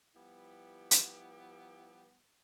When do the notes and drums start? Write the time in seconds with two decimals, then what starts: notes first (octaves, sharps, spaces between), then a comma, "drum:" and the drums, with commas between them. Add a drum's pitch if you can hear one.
0.15 F3 G3 B3 E4 G4
0.91 drum: hi-hat